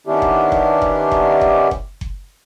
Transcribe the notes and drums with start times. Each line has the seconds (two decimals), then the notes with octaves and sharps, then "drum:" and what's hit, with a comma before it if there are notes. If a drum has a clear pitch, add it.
0.07 D#3 B3 C#4 D4 E4 G4
0.22 drum: kick F#1
0.52 drum: kick F#1
0.82 drum: kick F#1
1.11 drum: kick F#1
1.41 drum: kick F#1
1.71 drum: kick F#1
2.01 drum: kick F#1